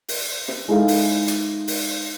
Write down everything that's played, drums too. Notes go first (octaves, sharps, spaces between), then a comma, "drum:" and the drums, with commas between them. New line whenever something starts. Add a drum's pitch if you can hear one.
drum: open hi-hat
drum: snare
G#3 D#4 E4 G#4 A4 F5
drum: open hi-hat
drum: hi-hat
drum: open hi-hat